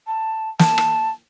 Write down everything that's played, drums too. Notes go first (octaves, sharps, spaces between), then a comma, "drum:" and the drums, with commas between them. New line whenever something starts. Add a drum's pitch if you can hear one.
A5
A5, drum: snare
drum: rim click